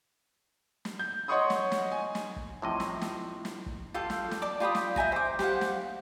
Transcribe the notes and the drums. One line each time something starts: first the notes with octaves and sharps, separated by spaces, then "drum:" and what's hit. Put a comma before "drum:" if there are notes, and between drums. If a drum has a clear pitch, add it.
drum: snare
G6
C#5 D#5 F#5 C6 C#6 D#6
drum: snare
drum: snare
G#5
drum: snare
drum: kick
A2 C3 F3 E4 D#5
drum: snare
drum: snare
drum: snare
drum: kick
F4 G4 A4 F5
drum: snare
drum: snare
D5 A5 D6
F4 G4 B5 D#6
drum: snare
E5 G5 G#5 A#5, drum: kick
C5 D6
G4 C5 F5 F#5, drum: snare
drum: snare